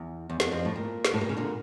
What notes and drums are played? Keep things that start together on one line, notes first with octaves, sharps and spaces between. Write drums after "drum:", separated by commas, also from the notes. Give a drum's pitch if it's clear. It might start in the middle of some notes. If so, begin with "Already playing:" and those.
Already playing: E2
E2
F2, drum: snare
F2
A2
A#2
drum: snare
A2
A#2
C#3
A#2 D3